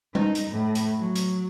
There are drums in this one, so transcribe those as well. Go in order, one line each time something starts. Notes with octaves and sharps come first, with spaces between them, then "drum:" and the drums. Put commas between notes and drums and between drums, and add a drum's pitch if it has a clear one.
D#4, drum: tom G3
drum: hi-hat
A2
drum: hi-hat
F#3
drum: hi-hat